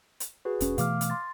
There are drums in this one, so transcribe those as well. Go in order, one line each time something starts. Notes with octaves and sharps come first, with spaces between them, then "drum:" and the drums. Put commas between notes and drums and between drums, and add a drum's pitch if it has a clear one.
drum: hi-hat
F#4 G#4 B4
E1 C#4, drum: hi-hat
B2 E3 A3 F5 D6 F6, drum: hi-hat
drum: hi-hat
C6 A6